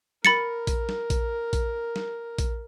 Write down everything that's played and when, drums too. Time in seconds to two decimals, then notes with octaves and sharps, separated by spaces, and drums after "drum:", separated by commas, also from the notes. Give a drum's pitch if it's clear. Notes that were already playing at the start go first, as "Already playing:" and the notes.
0.25 A#4 B5 A6 C#7, drum: snare
0.67 drum: kick A#1, hi-hat
0.89 drum: snare
1.10 drum: kick A#1, hi-hat
1.53 drum: kick A#1, hi-hat
1.96 drum: snare
2.38 drum: kick A#1, hi-hat